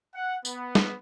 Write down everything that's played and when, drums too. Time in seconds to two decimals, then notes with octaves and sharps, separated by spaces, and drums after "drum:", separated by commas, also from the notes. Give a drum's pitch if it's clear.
0.14 F#5
0.45 B3, drum: tambourine
0.75 drum: snare